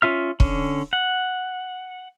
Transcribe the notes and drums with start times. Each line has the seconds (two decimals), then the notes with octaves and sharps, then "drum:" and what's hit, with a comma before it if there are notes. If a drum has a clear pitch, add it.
0.02 C#4 F4 E5 F6
0.40 D3 C#4, drum: kick
0.93 F#5